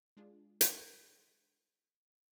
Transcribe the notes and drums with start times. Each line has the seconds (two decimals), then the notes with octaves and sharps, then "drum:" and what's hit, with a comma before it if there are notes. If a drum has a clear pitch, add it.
0.17 G#3 D4 F4 G#4
0.61 drum: hi-hat